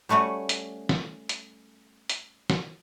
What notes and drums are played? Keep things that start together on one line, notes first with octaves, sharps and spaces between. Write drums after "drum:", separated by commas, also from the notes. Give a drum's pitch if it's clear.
G3 A3 C#4 F#4
drum: hi-hat
drum: snare
drum: hi-hat
drum: hi-hat
drum: snare